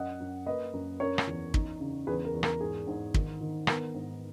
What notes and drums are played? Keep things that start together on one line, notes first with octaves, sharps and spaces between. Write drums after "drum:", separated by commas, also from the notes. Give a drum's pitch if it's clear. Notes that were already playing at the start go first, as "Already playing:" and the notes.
Already playing: F#2 D#5 F#5
F#2
A#3 B4 D#5
F#2
C#4 A#4 C#5
drum: rim click
E2
D#4, drum: kick
C#3
E2 G#4 B4
A#4
E2
A#4, drum: rim click
G#2 G#4
G#2
D#3, drum: kick
D#3
B3 A#4, drum: rim click
G#2